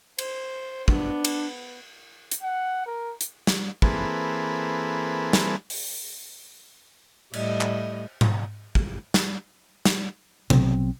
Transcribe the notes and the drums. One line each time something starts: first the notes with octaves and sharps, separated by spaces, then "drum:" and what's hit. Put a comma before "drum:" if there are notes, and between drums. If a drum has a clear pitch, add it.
C5, drum: cymbal
B3 D4, drum: kick
drum: cymbal
drum: hi-hat
F#5
A#4
drum: hi-hat
drum: snare
E3 A#3 C4 G#4 A4 B4, drum: kick
drum: snare
drum: open hi-hat
A2 G3 D#5, drum: cymbal
drum: clap
drum: tom G#2
drum: kick
drum: snare
drum: snare
A#1 B2 F#3 C4, drum: tom C3